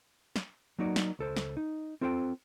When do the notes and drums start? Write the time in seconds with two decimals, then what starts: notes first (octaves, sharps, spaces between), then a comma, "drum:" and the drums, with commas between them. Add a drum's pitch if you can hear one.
0.36 drum: snare
0.79 F#3 A#3 D#4 F#4 D5
0.96 drum: snare
1.19 C#2 A4 C5
1.37 drum: snare
1.57 D#4
2.01 C4 F4 A4 C5 E5 G5